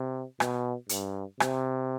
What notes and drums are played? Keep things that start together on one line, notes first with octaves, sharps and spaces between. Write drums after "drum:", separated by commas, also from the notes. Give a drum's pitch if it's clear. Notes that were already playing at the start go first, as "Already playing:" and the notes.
Already playing: C3
B2, drum: rim click
G2, drum: hi-hat
C3, drum: rim click